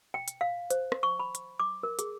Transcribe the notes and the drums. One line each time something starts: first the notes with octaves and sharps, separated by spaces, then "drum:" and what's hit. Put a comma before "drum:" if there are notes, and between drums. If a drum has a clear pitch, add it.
G5
drum: hi-hat
F5
C5, drum: hi-hat
drum: rim click
C#6
B5
drum: hi-hat
D6
A#4
G#4, drum: hi-hat